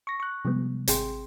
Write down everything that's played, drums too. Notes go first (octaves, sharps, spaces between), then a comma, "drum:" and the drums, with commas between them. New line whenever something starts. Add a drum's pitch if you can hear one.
C#6 A#6
C#6 F#6
C3 F3 G3 G#3 B3
G#1 C4 G#4 G5 C6, drum: hi-hat